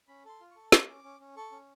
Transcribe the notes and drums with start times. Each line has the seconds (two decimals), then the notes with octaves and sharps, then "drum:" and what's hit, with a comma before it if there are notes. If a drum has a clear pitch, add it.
0.08 C#4 B5
0.25 A4 C6
0.41 F4
0.51 A4 C#6
0.72 F4 D6, drum: snare
0.88 C#4
1.04 C#4
1.20 C#4
1.36 A4 C#6
1.52 C#4